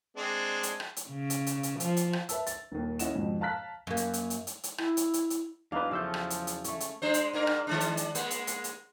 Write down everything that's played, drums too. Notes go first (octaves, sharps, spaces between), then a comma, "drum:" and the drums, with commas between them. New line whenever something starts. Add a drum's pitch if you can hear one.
G#3 C4 D4
drum: hi-hat
drum: rim click
drum: hi-hat
C#3
drum: hi-hat
drum: hi-hat
drum: hi-hat
F3, drum: hi-hat
drum: hi-hat
drum: rim click
B4 E5 A5 E6, drum: hi-hat
A6, drum: hi-hat
D#1 D#2
C#4 E4 D#5 F#5 E7, drum: hi-hat
F2 G#2 B2
F5 A5 A#5 F6 F#6 B6
F#2 A#3
drum: hi-hat
drum: hi-hat
drum: hi-hat
drum: hi-hat
drum: hi-hat
E4, drum: rim click
drum: hi-hat
drum: hi-hat
drum: hi-hat
E2 F#3 A#3 D4 D#4 B4 F5
C#3 F3 A3 A4 F5 E6 G6
drum: rim click
drum: hi-hat
drum: hi-hat
A3 C#4, drum: hi-hat
drum: hi-hat
G#3 D4 C5
drum: hi-hat
G#2 D4 A#4
drum: rim click
D#3 G#3 D4
drum: hi-hat
drum: hi-hat
G#3 A#3, drum: hi-hat
drum: hi-hat
drum: hi-hat
drum: hi-hat